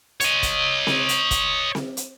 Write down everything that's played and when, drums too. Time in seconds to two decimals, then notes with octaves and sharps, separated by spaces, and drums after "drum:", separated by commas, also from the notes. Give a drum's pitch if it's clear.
0.21 C#5 D#5, drum: hi-hat
0.43 drum: kick, hi-hat
0.87 drum: snare C4
1.09 drum: hi-hat
1.31 drum: kick, hi-hat
1.75 drum: snare C4
1.97 drum: hi-hat